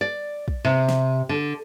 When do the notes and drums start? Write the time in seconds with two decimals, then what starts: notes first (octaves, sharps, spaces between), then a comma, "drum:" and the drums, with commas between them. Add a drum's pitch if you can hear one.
0.01 D5
0.48 drum: kick
0.65 C3
0.89 drum: snare
1.29 D3